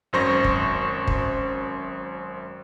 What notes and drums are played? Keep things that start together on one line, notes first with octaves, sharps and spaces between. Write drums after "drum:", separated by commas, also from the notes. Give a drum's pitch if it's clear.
G#1 F#2 C5 C#6 A#6
drum: kick
drum: kick